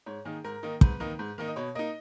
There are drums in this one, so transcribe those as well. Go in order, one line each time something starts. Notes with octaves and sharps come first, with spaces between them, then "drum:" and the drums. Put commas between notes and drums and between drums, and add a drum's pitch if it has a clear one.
G#2 C#5
D#3 A#3 D#4 G#4
G#2 A#4
D#3 A#3 D#4
G#2 B4, drum: kick
D#3 A#3 D#4
G#2
D#3 A#3 D#4
D#5
B2 C#5
A#3 D#4 D#5